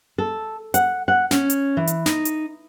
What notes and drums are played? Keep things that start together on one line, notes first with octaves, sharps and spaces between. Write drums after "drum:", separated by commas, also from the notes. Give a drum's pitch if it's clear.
A4
F#5, drum: hi-hat
F#5
C#4, drum: snare
drum: hi-hat
E3
drum: hi-hat
D#4, drum: snare
drum: hi-hat